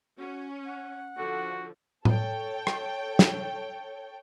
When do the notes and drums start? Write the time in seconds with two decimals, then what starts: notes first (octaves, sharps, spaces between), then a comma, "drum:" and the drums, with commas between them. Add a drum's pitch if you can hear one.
0.18 C#4 F#4
0.66 F#5
1.18 D3 F3 F#4
2.05 A4 C#5 G5, drum: tom A2
2.67 drum: rim click
3.19 drum: snare